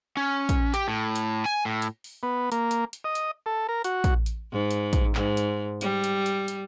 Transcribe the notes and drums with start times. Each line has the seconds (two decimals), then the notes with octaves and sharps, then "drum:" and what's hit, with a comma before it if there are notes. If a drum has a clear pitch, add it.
0.17 C#4
0.49 drum: kick, hi-hat
0.74 G4, drum: hi-hat
0.88 A2
1.16 drum: hi-hat
1.46 G#5
1.65 A2
1.82 drum: hi-hat
2.04 drum: open hi-hat
2.23 B3
2.52 A#3, drum: hi-hat
2.71 drum: hi-hat
2.93 drum: hi-hat
3.04 D#5
3.15 drum: hi-hat
3.46 A4
3.69 A#4
3.84 F#4, drum: hi-hat
4.04 drum: kick, hi-hat
4.26 drum: hi-hat
4.52 G#2
4.71 drum: hi-hat
4.93 drum: kick, hi-hat
5.15 G#2, drum: clap
5.37 drum: hi-hat
5.81 G3, drum: hi-hat
6.04 drum: hi-hat
6.26 drum: hi-hat
6.48 drum: hi-hat